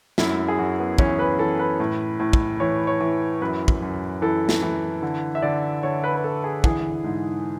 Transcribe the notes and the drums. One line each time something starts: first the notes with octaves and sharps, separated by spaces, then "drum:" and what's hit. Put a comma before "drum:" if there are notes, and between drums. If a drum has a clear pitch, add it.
F#2 E4, drum: snare
G#4
F#2 F#4
B3
E3 C#4, drum: kick
B4
E3 A4
B4
A2
A2
drum: kick
E3 C#5
C#5
E3
F#2 B4
drum: kick
F#2
E3 A4
drum: snare
E3
D3
E5
D3 D5
D3 C#5
B4
B4
D3 A4
G#4
E3 G#4, drum: kick
G#2